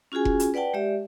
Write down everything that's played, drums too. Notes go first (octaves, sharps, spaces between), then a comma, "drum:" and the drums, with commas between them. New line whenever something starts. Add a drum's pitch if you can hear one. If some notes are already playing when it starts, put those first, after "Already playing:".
C#4 F4 F#4 G#4 G#5
drum: kick F1
drum: hi-hat
B4 D5 F#5 G5 A5
G#3 G4 D5 E5